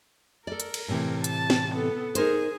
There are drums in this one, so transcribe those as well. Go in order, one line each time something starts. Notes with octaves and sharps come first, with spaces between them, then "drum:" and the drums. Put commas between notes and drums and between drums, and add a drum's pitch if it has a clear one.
A4 A#4 D5
drum: hi-hat
drum: cymbal
A2 C3 E3
A5, drum: hi-hat
drum: snare
B3 A4
D#4 G#4 A#4 C5, drum: hi-hat